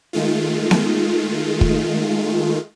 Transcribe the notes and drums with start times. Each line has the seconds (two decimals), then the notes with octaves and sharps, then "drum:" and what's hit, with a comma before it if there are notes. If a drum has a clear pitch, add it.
0.13 D#3 G#3 A3 F4
0.71 drum: snare B3
1.61 drum: kick